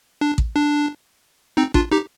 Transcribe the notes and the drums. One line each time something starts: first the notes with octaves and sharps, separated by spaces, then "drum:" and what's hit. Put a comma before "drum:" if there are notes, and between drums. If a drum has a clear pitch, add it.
D4
drum: kick A1
D4
C4 D#4
D4 F4, drum: kick A1
D#4 G4